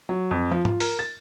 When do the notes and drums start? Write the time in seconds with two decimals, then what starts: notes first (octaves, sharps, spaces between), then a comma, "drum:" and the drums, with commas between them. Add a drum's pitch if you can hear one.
0.09 F#3
0.31 F2
0.51 F3
0.65 F4, drum: tom
0.80 A#4, drum: open hi-hat
0.99 A6